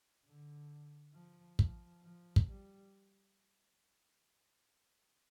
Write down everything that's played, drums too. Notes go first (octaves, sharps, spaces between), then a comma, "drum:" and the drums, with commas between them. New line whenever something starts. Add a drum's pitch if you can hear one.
D3
F3
F3, drum: kick
F3
drum: kick
G3